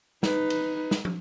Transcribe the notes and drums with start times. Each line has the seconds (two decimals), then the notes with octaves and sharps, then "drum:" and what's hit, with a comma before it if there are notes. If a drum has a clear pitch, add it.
0.23 D#4 B4, drum: snare
0.50 drum: cymbal
0.91 drum: snare
1.05 drum: tom